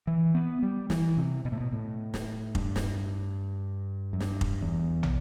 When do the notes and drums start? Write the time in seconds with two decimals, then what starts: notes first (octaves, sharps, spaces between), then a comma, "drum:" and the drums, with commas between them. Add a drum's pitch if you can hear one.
0.07 E3
0.34 B3
0.63 G3
0.90 E3, drum: snare
1.17 C3
1.45 B2
1.52 A2
1.61 B2
1.72 A2
2.14 drum: snare
2.55 G2, drum: kick F1
2.76 drum: snare
4.13 F#2
4.20 G2, drum: snare
4.41 drum: kick F1
4.62 E2
5.03 drum: tom